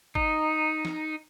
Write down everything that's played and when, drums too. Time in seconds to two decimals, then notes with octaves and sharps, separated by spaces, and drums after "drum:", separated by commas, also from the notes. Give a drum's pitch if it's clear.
0.15 D#4, drum: kick
0.85 drum: snare